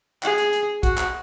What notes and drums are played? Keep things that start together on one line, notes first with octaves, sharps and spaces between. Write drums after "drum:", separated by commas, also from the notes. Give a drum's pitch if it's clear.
G#4, drum: clap
drum: hi-hat
drum: hi-hat
F#4, drum: kick, hi-hat
drum: clap